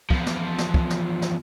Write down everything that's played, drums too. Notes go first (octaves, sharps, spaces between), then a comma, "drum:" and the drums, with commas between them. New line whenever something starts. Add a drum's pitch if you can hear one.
E2 F3, drum: kick
drum: snare
drum: snare
drum: kick
drum: snare
drum: snare